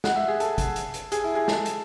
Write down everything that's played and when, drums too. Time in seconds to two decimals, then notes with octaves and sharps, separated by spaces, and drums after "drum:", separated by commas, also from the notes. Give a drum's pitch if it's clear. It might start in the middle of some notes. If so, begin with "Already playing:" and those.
0.04 F#5, drum: snare
0.16 E5
0.28 G#4
0.40 A4, drum: hi-hat
0.58 drum: kick, hi-hat
0.76 drum: hi-hat
0.94 drum: hi-hat
1.12 G#4, drum: hi-hat
1.24 E4
1.35 G#4
1.48 A4, drum: snare
1.66 drum: hi-hat